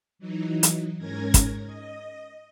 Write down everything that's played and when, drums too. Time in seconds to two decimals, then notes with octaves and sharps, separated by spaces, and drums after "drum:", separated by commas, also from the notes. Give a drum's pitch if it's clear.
0.19 E3 F#3 D#4
0.63 drum: hi-hat
0.98 G#2 C#4 A#4 G#6 A#6
1.34 drum: kick, hi-hat
1.66 D#5